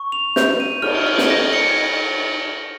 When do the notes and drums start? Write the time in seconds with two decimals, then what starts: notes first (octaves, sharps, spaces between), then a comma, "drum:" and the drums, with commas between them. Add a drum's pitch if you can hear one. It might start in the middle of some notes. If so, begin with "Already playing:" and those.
Already playing: C#6
0.12 F7
0.36 G6, drum: snare
0.60 D#7
0.82 F6, drum: cymbal
1.07 F6
1.18 drum: snare
1.30 A#6
1.53 C#7